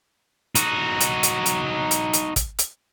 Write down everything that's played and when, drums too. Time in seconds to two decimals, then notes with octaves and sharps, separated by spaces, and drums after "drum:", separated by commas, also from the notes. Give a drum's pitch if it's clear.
0.55 D#4 F#4, drum: hi-hat
1.01 drum: hi-hat
1.23 drum: hi-hat
1.46 drum: hi-hat
1.91 drum: hi-hat
2.14 drum: hi-hat
2.36 drum: kick, hi-hat
2.59 drum: hi-hat